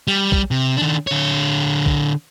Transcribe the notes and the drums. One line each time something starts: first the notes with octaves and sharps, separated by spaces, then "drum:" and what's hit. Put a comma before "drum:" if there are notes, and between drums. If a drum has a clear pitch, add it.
G3
drum: kick
C3
D#3 D4
D3 C#5
drum: kick